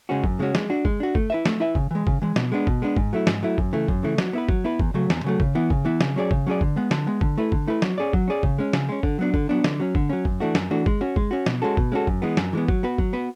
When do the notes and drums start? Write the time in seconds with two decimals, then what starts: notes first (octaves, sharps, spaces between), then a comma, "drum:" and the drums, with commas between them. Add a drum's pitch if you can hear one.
0.09 C#3 G#3 C#4 F#4
0.24 F#2, drum: kick G1
0.39 C#3 G#3 C#4 F#4
0.55 G#3, drum: snare
0.70 D4 F#4
0.85 G#3, drum: kick G1
1.00 D4 F#4
1.15 A3, drum: kick G1
1.30 E4 B4 E5
1.46 A3, drum: snare
1.60 E4 B4 E5
1.75 C#3, drum: kick G1
1.91 E3 G#3
2.07 C#3, drum: kick G1
2.22 E3 G#3
2.36 B2, drum: snare
2.52 G#3 B3 D4
2.67 B2, drum: kick G1
2.82 G#3 B3 D4
2.97 G#2, drum: kick G1
3.13 F#3 A3 E4
3.27 G#2, drum: snare
3.43 F#3 A3 E4
3.58 F#2, drum: kick G1
3.73 C#3 E3 A3
3.88 F#2, drum: kick G1
4.03 C#3 E3 A3
4.18 F#3, drum: snare
4.33 B3 E4 B4
4.49 F#3, drum: kick G1
4.64 B3 E4 B4
4.80 E2, drum: kick G1
4.94 C#3 F#3 A3
5.10 E2, drum: snare
5.24 C#3 F#3 A3
5.40 C#3, drum: kick G1
5.55 E3 B3 E4
5.70 C#3, drum: kick G1
5.85 E3 B3 E4
6.01 C#3, drum: snare
6.16 F#3 C#4 G#4 D5
6.31 C#3, drum: kick G1
6.47 F#3 C#4 G#4 D5
6.61 D3, drum: kick G1
6.76 G#3 B3
6.91 D3, drum: snare
7.07 G#3 B3
7.21 D3, drum: kick G1
7.38 A3 E4 B4
7.52 D3, drum: kick G1
7.67 A3 E4 B4
7.82 F#3, drum: snare
7.98 C#4 G#4 D5
8.13 F#3, drum: kick G1
8.28 C#4 G#4 D5
8.43 C#3, drum: kick G1
8.58 G#3 C#4
8.73 C#3, drum: snare
8.89 G#3 C#4
9.03 D3, drum: kick G1
9.19 F#3 B3 D4
9.34 D3, drum: kick G1
9.49 F#3 B3 D4
9.64 D3, drum: snare
9.80 F#3 C#4
9.95 D3, drum: kick G1
10.10 F#3 C#4
10.25 F#2, drum: kick G1
10.40 E3 A3 D4 F#4
10.55 F#2, drum: snare
10.71 E3 A3 D4 F#4
10.86 G#3, drum: kick G1
11.01 C#4 F#4
11.16 G#3, drum: kick G1
11.31 C#4 F#4
11.46 B2, drum: snare
11.62 G#3 C#4 F#4 A4
11.77 B2, drum: kick G1
11.92 G#3 C#4 F#4 A4
12.07 F#2, drum: kick G1
12.22 E3 G#3 B3
12.37 F#2, drum: snare
12.53 E3 G#3 B3
12.68 F#3, drum: kick G1
12.83 B3 F#4 B4
12.98 F#3, drum: kick G1
13.13 B3 F#4 B4